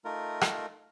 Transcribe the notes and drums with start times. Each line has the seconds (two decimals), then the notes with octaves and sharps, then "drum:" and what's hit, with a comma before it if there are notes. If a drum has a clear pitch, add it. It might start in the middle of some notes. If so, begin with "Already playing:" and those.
0.05 A3 D#4 F4 A#4
0.41 drum: rim click